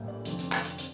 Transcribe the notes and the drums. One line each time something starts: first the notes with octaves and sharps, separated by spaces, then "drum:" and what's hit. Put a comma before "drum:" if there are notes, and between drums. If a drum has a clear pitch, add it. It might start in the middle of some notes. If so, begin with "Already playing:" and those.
Already playing: A#1 A2 G3 A#3
D5
F1 F2 D3, drum: hi-hat
drum: hi-hat
drum: clap
drum: hi-hat
drum: hi-hat